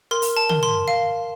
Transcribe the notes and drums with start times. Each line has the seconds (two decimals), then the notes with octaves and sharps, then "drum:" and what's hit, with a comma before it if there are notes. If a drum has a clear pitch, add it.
0.11 A#4 C6
0.22 drum: open hi-hat
0.37 A5
0.49 A#4, drum: tom
0.63 C6
0.88 F5